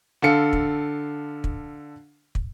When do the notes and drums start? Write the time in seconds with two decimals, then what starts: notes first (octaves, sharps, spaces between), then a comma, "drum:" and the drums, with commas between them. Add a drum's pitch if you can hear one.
0.22 D3 A4 F5 C#7
0.53 drum: kick
1.44 drum: kick
2.35 drum: kick